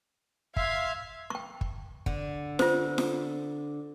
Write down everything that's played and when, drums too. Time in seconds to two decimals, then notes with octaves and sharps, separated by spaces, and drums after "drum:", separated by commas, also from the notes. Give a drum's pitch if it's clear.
0.56 E5 F5 C6 G#6, drum: kick
1.30 G5 C#6
1.61 drum: kick
2.06 D3, drum: kick
2.59 F4 C5, drum: snare F4
2.98 drum: snare F4